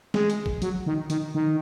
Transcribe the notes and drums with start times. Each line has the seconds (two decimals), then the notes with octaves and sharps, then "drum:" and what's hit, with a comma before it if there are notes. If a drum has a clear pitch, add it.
0.14 G#3, drum: snare
0.30 drum: hi-hat
0.46 drum: kick
0.62 F#3, drum: hi-hat
0.86 D#3
1.10 D#3, drum: hi-hat
1.35 D#3